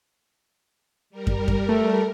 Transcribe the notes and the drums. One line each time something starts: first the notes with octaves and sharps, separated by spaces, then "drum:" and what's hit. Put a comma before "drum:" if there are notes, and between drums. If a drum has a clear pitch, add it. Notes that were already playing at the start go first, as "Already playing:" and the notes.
G3 A#4
drum: kick
drum: kick
A3